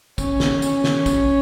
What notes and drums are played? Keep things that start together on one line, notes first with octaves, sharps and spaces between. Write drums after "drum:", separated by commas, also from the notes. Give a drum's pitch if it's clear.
C#4, drum: kick, tambourine
drum: snare
C#4, drum: tambourine
drum: snare
drum: kick, tambourine